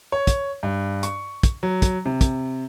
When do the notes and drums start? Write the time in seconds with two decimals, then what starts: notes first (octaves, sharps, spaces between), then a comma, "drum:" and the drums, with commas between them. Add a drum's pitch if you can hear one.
0.12 C#5
0.27 drum: kick, hi-hat
0.63 G2
1.03 C#6, drum: hi-hat
1.43 drum: kick, hi-hat
1.63 F#3
1.82 drum: kick, hi-hat
2.06 C3
2.21 drum: kick, hi-hat